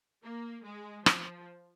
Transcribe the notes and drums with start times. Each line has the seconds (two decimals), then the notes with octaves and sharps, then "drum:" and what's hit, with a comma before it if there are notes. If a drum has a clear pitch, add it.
0.23 A#3
0.65 G#3
1.06 F3, drum: rim click